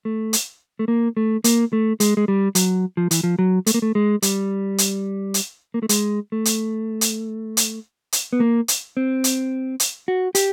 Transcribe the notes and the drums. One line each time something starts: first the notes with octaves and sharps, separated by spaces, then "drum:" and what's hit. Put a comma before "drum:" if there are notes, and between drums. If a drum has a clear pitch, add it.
A3
drum: hi-hat
A3
A#3
A3
A#3, drum: hi-hat
A3
G#3, drum: hi-hat
G#3
G3
F#3, drum: hi-hat
F3
E3, drum: hi-hat
F3
F#3
A3, drum: hi-hat
A#3
A3
G#3
G3, drum: hi-hat
drum: hi-hat
drum: hi-hat
A#3
A3
G#3, drum: hi-hat
A3
drum: hi-hat
drum: hi-hat
drum: hi-hat
drum: hi-hat
B3
A#3
drum: hi-hat
C4
drum: hi-hat
drum: hi-hat
F#4
G4, drum: hi-hat